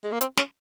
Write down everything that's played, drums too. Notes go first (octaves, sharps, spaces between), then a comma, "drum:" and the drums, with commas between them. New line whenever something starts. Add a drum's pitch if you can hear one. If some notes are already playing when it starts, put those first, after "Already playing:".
G#3
A#3
C4, drum: hi-hat
C#4, drum: snare